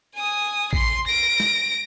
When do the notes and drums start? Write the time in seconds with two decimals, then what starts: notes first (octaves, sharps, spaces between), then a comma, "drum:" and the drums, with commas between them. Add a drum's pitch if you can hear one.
0.16 G#5 D#6
0.73 C6 C7, drum: kick
1.07 A#6 D7
1.40 drum: snare